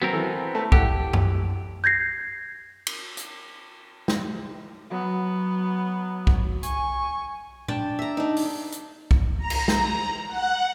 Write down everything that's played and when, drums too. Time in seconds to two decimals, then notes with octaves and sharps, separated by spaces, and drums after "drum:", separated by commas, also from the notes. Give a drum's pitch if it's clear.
0.02 F#3 B3 C4 A#4
0.13 E3 A4
0.55 A3 A5
0.72 E4 G4 A4 F#5, drum: kick B1
1.13 drum: tom F#2
1.84 G6 G#6 A#6 C7
2.87 drum: cymbal
3.17 drum: hi-hat
4.08 drum: snare
4.91 F#3 B3
6.27 drum: kick B1
6.63 G#5 C#6, drum: hi-hat
7.68 D4 G5 A5, drum: tom A#2
7.99 E5 A#5
8.17 D4 D#4
8.36 drum: open hi-hat
8.72 drum: hi-hat
9.11 drum: kick B1
9.38 A#5
9.50 drum: cymbal
9.68 drum: snare
10.28 F#5